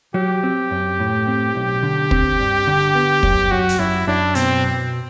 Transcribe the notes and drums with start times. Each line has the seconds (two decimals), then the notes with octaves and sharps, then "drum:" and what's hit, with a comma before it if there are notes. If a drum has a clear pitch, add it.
0.14 F#3 G4
0.43 C4
0.71 F#2
1.00 A2
1.27 C4
1.55 B1
1.83 D3
2.11 C4, drum: kick
2.40 G2
2.67 D3
2.95 B3
3.23 F#2, drum: kick
3.51 F#3 F#4
3.69 drum: hi-hat
3.79 F#2 E4
4.07 F#2 D4
4.35 B2 C4, drum: hi-hat